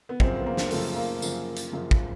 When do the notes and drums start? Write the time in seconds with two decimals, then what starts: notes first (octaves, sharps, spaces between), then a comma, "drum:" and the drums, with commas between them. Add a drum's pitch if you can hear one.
0.09 B3
0.20 F#2 C#3 F3 C4, drum: kick
0.40 B3
0.46 A#3
0.57 drum: snare
0.71 F#2 C#3 F3 A3, drum: open hi-hat
0.96 A#3
1.22 F#2 C#3 F3, drum: tambourine
1.56 drum: hi-hat
1.72 F#2 C#3 F3
1.91 drum: kick